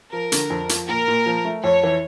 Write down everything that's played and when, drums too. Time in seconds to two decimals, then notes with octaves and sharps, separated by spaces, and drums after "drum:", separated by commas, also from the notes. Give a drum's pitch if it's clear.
0.13 F3 A#4
0.32 D3, drum: hi-hat
0.50 F2
0.69 F3, drum: hi-hat
0.88 A#2 A#4
1.08 A#2
1.26 F3
1.45 A3
1.64 F2 C#5
1.83 E3